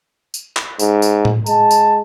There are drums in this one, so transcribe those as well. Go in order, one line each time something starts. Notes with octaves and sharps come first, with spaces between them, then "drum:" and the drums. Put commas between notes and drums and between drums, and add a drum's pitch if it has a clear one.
drum: tambourine
drum: clap
G#2, drum: tambourine
drum: tambourine
drum: tom A2
G#3 A5, drum: tambourine
drum: tambourine